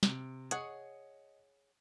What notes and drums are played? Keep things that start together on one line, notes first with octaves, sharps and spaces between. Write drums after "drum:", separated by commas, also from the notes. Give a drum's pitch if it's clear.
C3 D7, drum: snare
G#4 C#5 D#5 F#5 C#7, drum: hi-hat